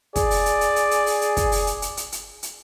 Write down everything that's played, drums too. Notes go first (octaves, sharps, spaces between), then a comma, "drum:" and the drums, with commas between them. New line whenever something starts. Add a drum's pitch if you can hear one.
G#4 D5, drum: kick, hi-hat
drum: open hi-hat
drum: hi-hat
drum: hi-hat
drum: hi-hat
drum: hi-hat
drum: open hi-hat
drum: hi-hat
drum: kick, hi-hat
drum: open hi-hat
drum: hi-hat
drum: hi-hat
drum: hi-hat
drum: hi-hat
drum: hi-hat